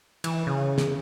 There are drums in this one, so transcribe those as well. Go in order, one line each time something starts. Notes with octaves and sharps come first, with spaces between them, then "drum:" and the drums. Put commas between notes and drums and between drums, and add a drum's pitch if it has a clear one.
E3, drum: cymbal
C#3
drum: snare